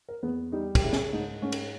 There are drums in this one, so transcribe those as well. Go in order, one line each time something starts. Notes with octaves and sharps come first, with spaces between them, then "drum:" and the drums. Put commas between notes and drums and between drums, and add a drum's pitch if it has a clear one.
A#4
E2 B3
G3 D#4
G4, drum: kick, cymbal
C#3 E4
drum: snare
G#2 D#4
G#2 C#4
drum: cymbal